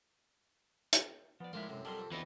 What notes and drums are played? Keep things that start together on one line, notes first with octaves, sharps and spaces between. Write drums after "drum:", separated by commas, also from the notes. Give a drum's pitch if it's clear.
drum: hi-hat
F3 B3 D5
A2 D3 F3 G#3 A#3 E4 F4
F#2 A2 C3 G#3
F2 F#3 G3 G4 A4 A#4 C6
F2
D2 E3 B3 C4 D#5